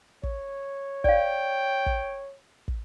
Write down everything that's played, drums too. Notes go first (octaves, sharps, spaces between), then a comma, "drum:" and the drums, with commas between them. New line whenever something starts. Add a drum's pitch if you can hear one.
C#5, drum: kick
D5 F5 G5, drum: kick
drum: kick
drum: kick